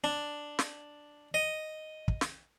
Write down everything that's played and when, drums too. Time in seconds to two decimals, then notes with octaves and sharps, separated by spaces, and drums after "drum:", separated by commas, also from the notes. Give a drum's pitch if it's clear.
0.04 D4
0.59 drum: snare
1.34 D#5
2.08 drum: kick
2.21 drum: snare